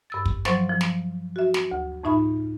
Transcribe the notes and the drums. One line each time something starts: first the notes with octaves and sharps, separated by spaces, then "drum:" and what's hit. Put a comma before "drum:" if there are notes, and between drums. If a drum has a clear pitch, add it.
G2 E6 A6
drum: kick
F3 F#3 C5 C6 C#6 A6, drum: snare
F3
drum: snare
F#4 E5
drum: snare
D2
F2 A2 D#4 E5 B5